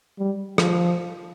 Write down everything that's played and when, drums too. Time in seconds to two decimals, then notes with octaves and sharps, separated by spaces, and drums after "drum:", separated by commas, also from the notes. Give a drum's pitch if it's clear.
0.19 G3
0.58 F3, drum: rim click